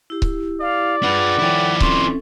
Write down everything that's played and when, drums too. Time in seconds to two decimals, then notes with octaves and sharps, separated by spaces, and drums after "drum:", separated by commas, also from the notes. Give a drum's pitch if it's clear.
0.10 E4 G4
0.22 drum: kick C#1
0.61 D5 F5
1.03 D4 F4 G#4 B4 F#5
1.39 F3 E4 A4 C#5 G5
1.80 C4 C#4 A4 C6, drum: kick C#1